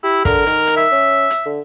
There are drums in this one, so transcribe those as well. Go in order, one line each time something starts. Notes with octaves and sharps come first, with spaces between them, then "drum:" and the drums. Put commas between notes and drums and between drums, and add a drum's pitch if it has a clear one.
E4 G4
D3 A#4, drum: kick, hi-hat
D#3, drum: hi-hat
drum: hi-hat
E5
C#4
drum: hi-hat
D3